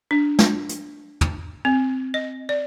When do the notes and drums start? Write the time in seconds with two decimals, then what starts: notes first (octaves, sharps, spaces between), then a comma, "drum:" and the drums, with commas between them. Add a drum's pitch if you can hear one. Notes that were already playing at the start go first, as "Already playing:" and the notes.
0.11 D4
0.39 drum: snare
0.69 drum: hi-hat
1.21 drum: tom
1.65 C4
2.14 D#5
2.49 D5